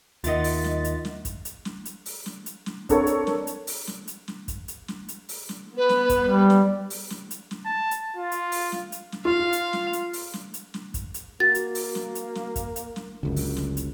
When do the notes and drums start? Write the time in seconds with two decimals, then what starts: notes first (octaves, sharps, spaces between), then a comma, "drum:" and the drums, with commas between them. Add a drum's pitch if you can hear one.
0.24 D#2 D#3 F4 D#5 E5 F#5 A6, drum: hi-hat
0.44 drum: open hi-hat
0.64 drum: snare
0.84 drum: hi-hat
1.05 drum: snare
1.25 drum: kick, hi-hat
1.45 drum: hi-hat
1.65 drum: snare
1.85 drum: hi-hat
2.06 drum: open hi-hat
2.26 drum: snare
2.46 drum: hi-hat
2.66 drum: snare
2.89 C4 D4 A4 A#4 C#5, drum: kick, hi-hat
3.07 drum: hi-hat
3.27 drum: snare
3.47 drum: hi-hat
3.67 drum: open hi-hat
3.87 drum: snare
4.08 drum: hi-hat
4.28 drum: snare
4.48 drum: kick, hi-hat
4.68 drum: hi-hat
4.88 drum: snare
5.08 drum: hi-hat
5.29 drum: open hi-hat
5.49 drum: snare
5.77 B3 B4
5.89 drum: snare
6.09 drum: kick, hi-hat
6.23 G3
6.50 drum: snare
6.90 drum: open hi-hat
7.10 drum: snare
7.31 drum: hi-hat
7.51 drum: snare
7.66 A5
7.91 drum: hi-hat
8.17 F4
8.32 drum: hi-hat
8.52 drum: open hi-hat
8.72 drum: snare
8.92 drum: hi-hat
9.12 drum: snare
9.25 F4 F5
9.53 drum: hi-hat
9.73 drum: snare
9.93 drum: hi-hat
10.13 drum: open hi-hat
10.33 drum: snare
10.54 drum: hi-hat
10.74 drum: snare
10.94 drum: kick, hi-hat
11.14 drum: hi-hat
11.40 A#3 F#4 A6
11.55 drum: hi-hat
11.75 drum: open hi-hat
11.95 drum: snare
12.15 drum: hi-hat
12.35 drum: snare
12.56 drum: kick, hi-hat
12.76 drum: hi-hat
12.96 drum: snare
13.23 F#1 C#2 F#2 D3
13.36 drum: open hi-hat
13.57 drum: snare
13.77 drum: hi-hat